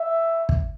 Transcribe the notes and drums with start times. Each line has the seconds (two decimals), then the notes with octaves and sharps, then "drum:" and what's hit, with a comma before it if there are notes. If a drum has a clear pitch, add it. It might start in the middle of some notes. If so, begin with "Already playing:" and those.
Already playing: E5
0.49 drum: kick